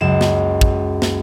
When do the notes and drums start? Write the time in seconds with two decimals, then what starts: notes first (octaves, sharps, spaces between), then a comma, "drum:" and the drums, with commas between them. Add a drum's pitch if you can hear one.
0.01 C#2 F#2 E7
0.21 drum: snare
0.61 drum: kick
1.02 drum: snare